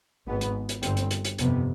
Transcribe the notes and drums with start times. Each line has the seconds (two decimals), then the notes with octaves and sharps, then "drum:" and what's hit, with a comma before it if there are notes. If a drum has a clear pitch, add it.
0.27 G#1 G#2 B3
0.41 drum: hi-hat
0.69 drum: hi-hat
0.83 G1 G2 C4, drum: hi-hat
0.97 drum: hi-hat
1.11 drum: hi-hat
1.25 drum: hi-hat
1.38 G1 F2 C3 B3, drum: hi-hat